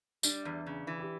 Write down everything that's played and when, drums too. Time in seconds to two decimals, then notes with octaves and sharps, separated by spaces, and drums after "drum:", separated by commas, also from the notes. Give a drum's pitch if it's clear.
0.23 G3 D4, drum: tambourine
0.45 E2
0.66 C#3
0.87 E3
0.99 G4